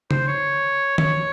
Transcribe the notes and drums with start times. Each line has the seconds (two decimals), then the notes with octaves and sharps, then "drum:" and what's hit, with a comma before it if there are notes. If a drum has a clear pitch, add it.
0.11 C5, drum: tom C#3
0.28 C#5
0.98 C#5, drum: tom